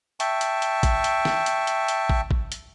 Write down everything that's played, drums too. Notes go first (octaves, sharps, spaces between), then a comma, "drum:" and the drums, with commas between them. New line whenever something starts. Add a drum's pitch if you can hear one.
E5 G5 A5 C#6, drum: hi-hat
drum: hi-hat
drum: hi-hat
drum: kick, hi-hat
drum: hi-hat
drum: snare
drum: hi-hat
drum: hi-hat
drum: hi-hat
drum: kick
drum: kick
drum: hi-hat